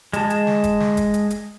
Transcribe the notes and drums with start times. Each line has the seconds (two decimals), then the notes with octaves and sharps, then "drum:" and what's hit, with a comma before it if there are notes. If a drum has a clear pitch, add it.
0.13 G#3 A5, drum: hi-hat
0.30 drum: hi-hat
0.47 drum: snare
0.64 drum: kick F1, hi-hat
0.80 drum: snare
0.97 drum: kick F1, hi-hat
1.14 drum: hi-hat
1.30 drum: hi-hat